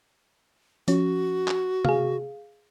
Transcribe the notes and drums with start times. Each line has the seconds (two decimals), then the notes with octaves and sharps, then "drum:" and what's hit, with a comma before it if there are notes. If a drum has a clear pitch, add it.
0.88 F3 C#4 F#4, drum: hi-hat
1.48 drum: clap
1.85 G#4 F5, drum: tom C3